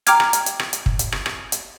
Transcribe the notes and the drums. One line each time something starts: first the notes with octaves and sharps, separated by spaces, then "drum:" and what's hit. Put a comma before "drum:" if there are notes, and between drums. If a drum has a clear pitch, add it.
G5 A#5 D6 F6 G#6, drum: hi-hat
drum: rim click
drum: hi-hat
drum: hi-hat
drum: rim click
drum: hi-hat
drum: kick
drum: hi-hat
drum: rim click
drum: rim click
drum: hi-hat